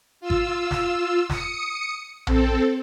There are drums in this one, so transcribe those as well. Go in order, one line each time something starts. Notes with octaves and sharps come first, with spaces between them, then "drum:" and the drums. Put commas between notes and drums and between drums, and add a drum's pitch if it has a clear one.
F4 E6
drum: kick G#1
drum: snare
D#6 C#7, drum: snare
C4 A4, drum: tom A#1